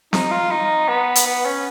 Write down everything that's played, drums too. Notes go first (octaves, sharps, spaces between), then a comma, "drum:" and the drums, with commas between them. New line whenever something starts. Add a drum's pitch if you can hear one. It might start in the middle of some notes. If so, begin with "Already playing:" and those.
D#4, drum: snare C4
F4
D#4
B3
drum: hi-hat
B3
C#4